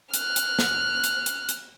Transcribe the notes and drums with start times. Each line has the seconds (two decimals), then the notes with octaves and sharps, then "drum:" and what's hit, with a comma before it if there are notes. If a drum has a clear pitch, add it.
0.14 F6 F#6, drum: hi-hat
0.36 drum: hi-hat
0.59 drum: snare
1.04 drum: hi-hat
1.26 drum: hi-hat
1.49 drum: hi-hat